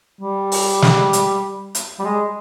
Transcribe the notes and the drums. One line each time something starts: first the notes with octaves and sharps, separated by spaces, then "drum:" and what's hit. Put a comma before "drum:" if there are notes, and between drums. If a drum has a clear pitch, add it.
G3
drum: open hi-hat
drum: snare
drum: hi-hat
drum: hi-hat
G3
G#3